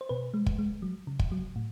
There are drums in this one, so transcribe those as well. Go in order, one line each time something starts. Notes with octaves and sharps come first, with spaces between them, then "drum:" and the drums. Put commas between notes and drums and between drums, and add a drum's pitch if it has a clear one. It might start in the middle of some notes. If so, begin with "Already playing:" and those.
C5
B2 B4
G#3
drum: kick
G#3
F#3
C#3
drum: kick
F#3
A2